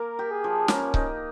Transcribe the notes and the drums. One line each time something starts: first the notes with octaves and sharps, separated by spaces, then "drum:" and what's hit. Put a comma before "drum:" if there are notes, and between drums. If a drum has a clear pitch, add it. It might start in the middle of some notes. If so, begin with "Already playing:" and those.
Already playing: A#3 A#4
G4
G#4
F3
A#3 C#4, drum: snare
D#4, drum: kick C#1